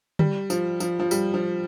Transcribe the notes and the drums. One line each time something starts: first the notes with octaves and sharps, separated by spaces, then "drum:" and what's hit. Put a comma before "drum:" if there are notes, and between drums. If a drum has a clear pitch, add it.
G3, drum: tom D3
F3, drum: tambourine
F3, drum: tambourine
F3
G3, drum: tambourine
F3